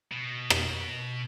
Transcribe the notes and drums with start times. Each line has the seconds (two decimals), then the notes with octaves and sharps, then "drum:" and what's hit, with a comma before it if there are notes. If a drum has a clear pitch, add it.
0.12 B2
0.50 drum: rim click